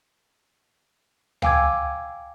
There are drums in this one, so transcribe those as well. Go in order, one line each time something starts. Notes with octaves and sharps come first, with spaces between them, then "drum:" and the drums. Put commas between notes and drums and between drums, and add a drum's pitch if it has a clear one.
F5 G5 G#5 D6 E6 G#6, drum: tom C#2